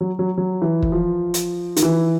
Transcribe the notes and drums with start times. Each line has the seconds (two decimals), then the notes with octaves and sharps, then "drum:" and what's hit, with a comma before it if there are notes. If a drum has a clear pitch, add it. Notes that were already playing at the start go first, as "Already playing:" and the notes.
0.01 F#3
0.19 F#3
0.38 F#3
0.62 E3
0.83 drum: kick
0.92 F3
1.34 drum: hi-hat
1.76 D#3, drum: hi-hat
1.83 E3